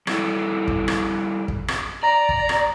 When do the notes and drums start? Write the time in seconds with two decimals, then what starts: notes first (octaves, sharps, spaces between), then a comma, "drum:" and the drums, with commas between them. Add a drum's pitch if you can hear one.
0.07 G3 E4 A4, drum: rim click
0.68 drum: kick
0.88 drum: rim click
1.48 drum: kick
1.68 drum: rim click
2.03 D5 A#5
2.29 drum: kick
2.49 drum: rim click